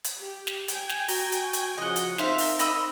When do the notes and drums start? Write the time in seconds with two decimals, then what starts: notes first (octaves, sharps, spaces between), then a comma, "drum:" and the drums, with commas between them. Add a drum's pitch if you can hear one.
0.04 drum: hi-hat
0.17 G4
0.47 drum: snare
0.68 G5 G#5, drum: hi-hat
0.89 drum: snare
1.08 F#4 A#5, drum: open hi-hat
1.32 drum: hi-hat
1.53 drum: hi-hat
1.78 C#3 F3 D#5 F#5
1.96 drum: hi-hat
2.18 C4 D#4 A#4 C5 E5 F5, drum: snare
2.38 drum: open hi-hat
2.59 D#5 B5 E6, drum: hi-hat